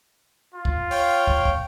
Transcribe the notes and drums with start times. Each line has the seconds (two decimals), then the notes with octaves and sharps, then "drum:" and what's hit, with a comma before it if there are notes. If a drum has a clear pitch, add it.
0.54 F4
0.65 drum: kick
0.91 C#5 F5 G5, drum: open hi-hat
1.27 drum: kick
1.45 drum: kick